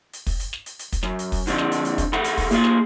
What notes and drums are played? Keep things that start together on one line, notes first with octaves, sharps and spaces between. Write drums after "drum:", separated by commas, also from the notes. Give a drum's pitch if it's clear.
drum: hi-hat
drum: kick, open hi-hat
drum: hi-hat
drum: snare
drum: hi-hat
drum: hi-hat
drum: kick, hi-hat
F#2, drum: snare
drum: hi-hat
drum: kick, open hi-hat
D3 F3 C4 D4, drum: hi-hat
drum: snare
drum: hi-hat
drum: hi-hat
drum: kick, hi-hat
C3 G#4 A4 F#5 B5, drum: snare
drum: hi-hat
drum: kick, open hi-hat
A#3 F4 G#4 F5, drum: hi-hat
drum: snare